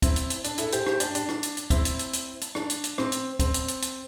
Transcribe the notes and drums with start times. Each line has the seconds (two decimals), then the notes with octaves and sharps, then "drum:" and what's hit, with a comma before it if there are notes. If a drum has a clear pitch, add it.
0.02 C4 E4, drum: kick, hi-hat
0.16 drum: hi-hat
0.30 drum: hi-hat
0.44 D4, drum: hi-hat
0.58 E4 A4, drum: hi-hat
0.72 G4 C5, drum: hi-hat
0.86 G4 C5, drum: rim click
1.00 D4 G4, drum: hi-hat
1.15 D4, drum: hi-hat
1.29 drum: rim click
1.43 drum: hi-hat
1.57 drum: hi-hat
1.70 C4 E4, drum: kick, hi-hat
1.85 drum: hi-hat
1.99 drum: hi-hat
2.13 drum: hi-hat
2.41 drum: hi-hat
2.55 D4, drum: rim click
2.70 drum: hi-hat
2.84 drum: hi-hat
2.98 C4, drum: rim click
3.12 drum: hi-hat
3.39 C4, drum: kick, hi-hat
3.54 drum: hi-hat
3.68 drum: hi-hat
3.82 drum: hi-hat